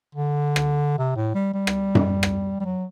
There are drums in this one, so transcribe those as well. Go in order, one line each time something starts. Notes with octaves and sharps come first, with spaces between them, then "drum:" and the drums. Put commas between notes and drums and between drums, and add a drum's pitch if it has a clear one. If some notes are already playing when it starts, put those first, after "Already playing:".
D3
drum: rim click
C3
A2
G3
G3
drum: rim click
drum: tom F#2
drum: rim click
G3
F#3